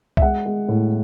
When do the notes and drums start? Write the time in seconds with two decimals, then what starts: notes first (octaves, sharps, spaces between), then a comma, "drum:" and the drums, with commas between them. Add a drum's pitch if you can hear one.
0.17 E5, drum: kick C2
0.22 G#3 F#5
0.46 G#3
0.69 A2